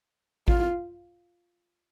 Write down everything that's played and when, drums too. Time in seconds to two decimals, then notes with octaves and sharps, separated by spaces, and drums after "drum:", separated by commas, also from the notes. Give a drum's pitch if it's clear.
0.48 F4, drum: kick A1